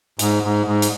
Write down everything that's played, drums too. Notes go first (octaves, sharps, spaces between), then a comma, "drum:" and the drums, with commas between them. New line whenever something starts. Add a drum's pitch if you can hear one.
G#2, drum: hi-hat
G#2
G#2
drum: hi-hat